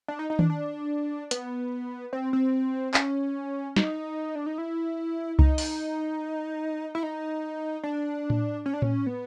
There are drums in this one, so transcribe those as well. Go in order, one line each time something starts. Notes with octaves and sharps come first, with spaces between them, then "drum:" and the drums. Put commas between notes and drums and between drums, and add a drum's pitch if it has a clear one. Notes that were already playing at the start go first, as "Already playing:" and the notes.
D4
D#4
D#4
D4, drum: tom D#3
D4
B3, drum: hi-hat
C4
C4
C#4, drum: clap
D#4, drum: snare
D4
D#4
E4
D#4, drum: kick C2
drum: open hi-hat
E4
D#4
D4
drum: tom A2
C#4
D4
C#4, drum: tom A2
B3